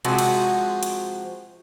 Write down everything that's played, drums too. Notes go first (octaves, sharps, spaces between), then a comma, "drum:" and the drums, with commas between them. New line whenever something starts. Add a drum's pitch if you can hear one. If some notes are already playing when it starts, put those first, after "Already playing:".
C3 F3 G#3 F#4, drum: hi-hat
drum: cymbal
drum: hi-hat